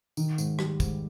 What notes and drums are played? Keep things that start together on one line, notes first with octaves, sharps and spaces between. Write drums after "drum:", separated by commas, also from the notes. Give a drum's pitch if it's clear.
D#3, drum: tambourine
G#2, drum: tambourine
G3, drum: rim click
G#2, drum: kick, tambourine